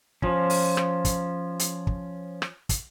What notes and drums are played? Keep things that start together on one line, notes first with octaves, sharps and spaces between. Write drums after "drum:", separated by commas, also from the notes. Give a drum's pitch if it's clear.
F3 C#4, drum: kick
drum: open hi-hat
drum: rim click
drum: kick, hi-hat
drum: hi-hat
drum: kick
drum: rim click
drum: kick, hi-hat